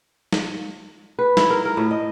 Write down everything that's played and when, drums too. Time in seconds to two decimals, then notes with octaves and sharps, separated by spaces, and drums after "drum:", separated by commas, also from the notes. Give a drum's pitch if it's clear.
0.33 drum: snare
1.19 B4
1.37 E4, drum: snare
1.50 A#4
1.65 A#4
1.77 A2
1.91 D#5